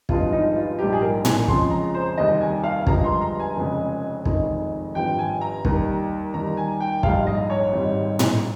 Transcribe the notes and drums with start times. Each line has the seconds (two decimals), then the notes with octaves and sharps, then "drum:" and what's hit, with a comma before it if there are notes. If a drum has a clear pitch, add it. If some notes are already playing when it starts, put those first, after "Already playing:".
0.09 G#1 G2 F3 G#3 F4, drum: kick
0.33 D#4
0.56 F4
0.78 A#1 G#2 G3 G4
0.93 G#4
1.02 A#4
1.25 G#5, drum: tom A2
1.48 F2 C#3 F3 G#3 C6, drum: kick
1.71 A#5
1.94 C5
2.17 F1 D#2 D#3 G3 D#5
2.41 G#5
2.63 F5
2.87 G1 G2 F3 G#3 A#5, drum: kick
3.04 C6
3.21 A#5
3.40 G#5
3.56 F1 F2 C#3 G#3
4.25 F1 F2 D#3 G#3, drum: kick
4.95 G#1 G2 F3 G5
5.19 G#5
5.41 A#5
5.65 D#2 D#3 G3, drum: kick
6.34 D#2 D#3 G3 A#5
6.57 G#5
6.80 G5
7.03 A#1 G#2 G3 F5, drum: kick
7.27 D#5
7.50 C#5
7.73 G#1 G#2 G3
8.19 drum: tom A2